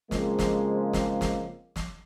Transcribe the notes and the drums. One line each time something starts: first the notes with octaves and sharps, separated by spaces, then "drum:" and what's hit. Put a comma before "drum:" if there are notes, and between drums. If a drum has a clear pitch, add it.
C#3 F3 G#3 A#3 C4, drum: snare
drum: snare
drum: snare
drum: snare
drum: snare